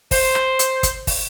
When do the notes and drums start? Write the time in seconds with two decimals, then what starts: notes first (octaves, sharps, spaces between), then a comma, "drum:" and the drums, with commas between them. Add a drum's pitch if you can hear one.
0.11 C5, drum: kick, open hi-hat
0.35 drum: rim click
0.59 drum: hi-hat
0.83 drum: kick, hi-hat
1.07 drum: kick, open hi-hat